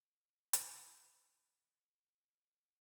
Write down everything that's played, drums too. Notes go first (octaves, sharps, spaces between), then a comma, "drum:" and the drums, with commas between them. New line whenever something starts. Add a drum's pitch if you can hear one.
D3 E3 B3 A#4 C#5
drum: hi-hat
E2 F5
G#4 C#6
F#4 A#6